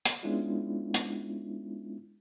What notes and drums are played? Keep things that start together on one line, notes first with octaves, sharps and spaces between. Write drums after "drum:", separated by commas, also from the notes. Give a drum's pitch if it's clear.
drum: hi-hat
G#3 B3 C#4 D4 E4 F4
drum: hi-hat